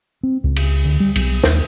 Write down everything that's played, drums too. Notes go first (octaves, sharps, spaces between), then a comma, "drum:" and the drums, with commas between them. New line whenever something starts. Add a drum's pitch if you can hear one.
C4
C#2
drum: cymbal
D2
G3
B1, drum: cymbal
D#2, drum: snare